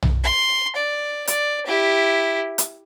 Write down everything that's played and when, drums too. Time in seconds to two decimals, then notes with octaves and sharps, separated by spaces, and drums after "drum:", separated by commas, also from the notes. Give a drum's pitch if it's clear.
0.03 drum: tom B1
0.24 C6
0.76 D5
1.27 D5, drum: hi-hat
1.67 E4 G4
2.58 drum: hi-hat